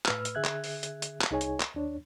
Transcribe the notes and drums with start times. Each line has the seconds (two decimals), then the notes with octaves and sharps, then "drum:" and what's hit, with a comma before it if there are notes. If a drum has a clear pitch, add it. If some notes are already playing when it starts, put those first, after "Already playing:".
0.06 A2 B4 E6 F6, drum: clap
0.25 drum: hi-hat
0.35 D3 G#4 E5 F#6 G#6
0.44 drum: clap
0.64 drum: open hi-hat
0.83 drum: hi-hat
1.02 drum: hi-hat
1.22 drum: clap
1.31 C2 D#4 G#4 C#5 G#5
1.41 drum: hi-hat
1.60 drum: clap
1.74 D#2 D4 C#5